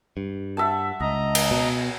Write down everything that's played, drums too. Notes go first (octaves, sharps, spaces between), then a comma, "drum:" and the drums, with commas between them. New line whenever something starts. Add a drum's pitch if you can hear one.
G2
E5 F#5 A5
C#2 D#5 A#5
drum: cymbal
B2